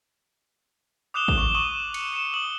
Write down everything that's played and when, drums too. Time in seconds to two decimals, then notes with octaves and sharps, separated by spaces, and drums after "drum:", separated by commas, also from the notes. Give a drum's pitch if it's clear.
1.14 D6 D#6 F#6 E7 F7 G7
1.28 drum: kick
1.37 C#6 E7 G7
1.55 C#6 D#6 D#7 F#7
1.94 C#7, drum: cymbal
2.13 C#7 E7
2.34 D#6 F#7 G7